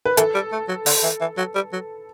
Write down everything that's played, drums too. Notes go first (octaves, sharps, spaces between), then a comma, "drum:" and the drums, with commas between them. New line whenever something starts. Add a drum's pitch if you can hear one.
B4
E3 A4, drum: hi-hat
G3
A3
F#3
D3, drum: open hi-hat
E3
E3
F#3
G3
F#3